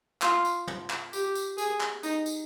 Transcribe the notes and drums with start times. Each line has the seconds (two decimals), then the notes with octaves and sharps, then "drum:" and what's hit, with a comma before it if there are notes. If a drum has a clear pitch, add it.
0.22 F4, drum: clap
0.45 drum: tambourine
0.67 drum: tom
0.90 drum: clap
1.13 G4, drum: tambourine
1.35 drum: tambourine
1.58 G#4, drum: tambourine
1.81 drum: clap
2.03 D#4, drum: tambourine
2.26 drum: tambourine